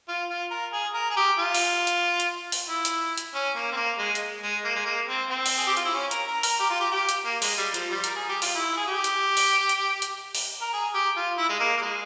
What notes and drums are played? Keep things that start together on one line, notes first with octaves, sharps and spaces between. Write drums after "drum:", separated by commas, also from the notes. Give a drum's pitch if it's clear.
F4
F4
A#4
G#4
A#4
G#4
G4
F4
drum: open hi-hat
drum: hi-hat
drum: hi-hat
drum: open hi-hat
E4
drum: hi-hat
drum: hi-hat
C#4
A#3
C4
A#3
G#3
drum: hi-hat
G#3
A#3
G#3
A#3
C4
C4
drum: open hi-hat
G#4
G4
F4, drum: hi-hat
E4
C#4
A#4, drum: hi-hat
A#4
A#4, drum: open hi-hat
G4
F4
G4
G4
drum: hi-hat
A#3
G#3, drum: open hi-hat
G3
F3, drum: hi-hat
G3
A#4, drum: hi-hat
G#4
G4
F4, drum: open hi-hat
E4
G#4
G4
drum: hi-hat
drum: open hi-hat
drum: hi-hat
drum: hi-hat
drum: open hi-hat
A#4
G#4
G4
F4
E4
G#3
A#3
A#3
G#3